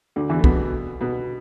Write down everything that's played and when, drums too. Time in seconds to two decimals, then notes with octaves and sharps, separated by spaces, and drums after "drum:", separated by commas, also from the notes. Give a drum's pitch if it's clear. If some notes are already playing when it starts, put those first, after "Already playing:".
0.16 D2 D3
0.29 E2 E3
0.39 A3
0.44 B2 B3, drum: kick
1.01 B2 B3